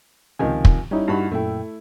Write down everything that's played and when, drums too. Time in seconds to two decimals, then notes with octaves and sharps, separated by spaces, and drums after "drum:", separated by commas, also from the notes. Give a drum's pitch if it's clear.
0.39 C#2 C3 D#3 F3 G#5
0.65 drum: kick
0.91 G3 C#4 D#4 E4
1.08 G2 F#4 B5
1.32 F#2 A#2 A3 E4 G5